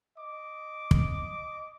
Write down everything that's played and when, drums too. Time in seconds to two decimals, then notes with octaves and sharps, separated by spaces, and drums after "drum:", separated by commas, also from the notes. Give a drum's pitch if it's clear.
0.18 D#5 D6
0.91 drum: kick